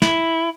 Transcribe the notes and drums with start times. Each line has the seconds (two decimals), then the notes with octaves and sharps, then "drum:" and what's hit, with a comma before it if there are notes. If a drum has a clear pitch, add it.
0.02 E4, drum: snare